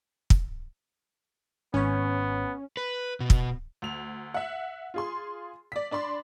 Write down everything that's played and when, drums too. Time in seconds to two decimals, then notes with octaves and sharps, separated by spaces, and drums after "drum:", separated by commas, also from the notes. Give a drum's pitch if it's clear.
0.30 drum: kick
1.74 G#1 B3 C#4 C#5
2.77 B4
3.20 B2
3.30 drum: kick
3.82 D2 F7
4.34 E5 F#5
4.94 F4 G#4 C6
5.72 D5 B6
5.91 D4 D5 B5 C6